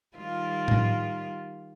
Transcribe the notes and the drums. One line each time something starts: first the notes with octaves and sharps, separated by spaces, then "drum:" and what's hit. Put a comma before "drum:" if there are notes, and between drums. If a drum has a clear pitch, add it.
D#3 G3 F4
drum: tom A2